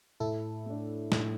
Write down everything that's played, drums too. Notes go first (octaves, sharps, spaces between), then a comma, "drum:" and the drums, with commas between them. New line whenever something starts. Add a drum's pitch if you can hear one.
A2 E4 A4
A3 D4
A2, drum: snare